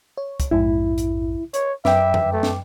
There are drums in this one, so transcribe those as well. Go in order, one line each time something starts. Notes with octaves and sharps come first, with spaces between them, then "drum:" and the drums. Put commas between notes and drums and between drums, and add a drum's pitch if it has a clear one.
C#5
drum: kick C2, hi-hat
A#1 F2 G#2 E4
drum: hi-hat
C#5, drum: hi-hat
F#2 B4 E5 G5 D6, drum: snare
drum: tom F2
A3
drum: snare